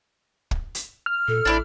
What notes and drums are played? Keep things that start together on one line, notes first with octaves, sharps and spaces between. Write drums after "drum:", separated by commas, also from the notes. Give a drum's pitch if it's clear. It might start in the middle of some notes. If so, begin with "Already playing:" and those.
drum: kick
drum: hi-hat
F6
A#2 A4
A1 D4 E4 D5